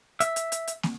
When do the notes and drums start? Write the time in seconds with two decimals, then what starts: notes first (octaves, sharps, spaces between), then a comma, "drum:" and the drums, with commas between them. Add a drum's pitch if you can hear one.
0.20 E5, drum: hi-hat
0.36 drum: hi-hat
0.52 drum: hi-hat
0.68 drum: hi-hat
0.83 drum: snare